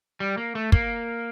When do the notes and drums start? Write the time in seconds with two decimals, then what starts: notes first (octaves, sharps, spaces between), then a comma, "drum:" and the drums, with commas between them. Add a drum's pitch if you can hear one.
0.20 G3
0.38 A#3
0.55 A3
0.72 A#3, drum: kick